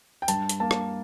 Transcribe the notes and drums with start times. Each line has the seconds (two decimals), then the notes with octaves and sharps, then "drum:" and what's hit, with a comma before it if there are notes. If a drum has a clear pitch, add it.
0.22 G5
0.28 G2 A5, drum: hi-hat
0.49 drum: hi-hat
0.60 A#3 A5
0.71 drum: rim click